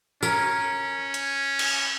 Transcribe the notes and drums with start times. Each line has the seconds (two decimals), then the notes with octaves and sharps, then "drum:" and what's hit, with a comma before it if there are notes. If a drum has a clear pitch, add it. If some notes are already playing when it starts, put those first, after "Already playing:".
0.23 C#4 A#4, drum: tambourine
1.14 drum: hi-hat
1.59 drum: cymbal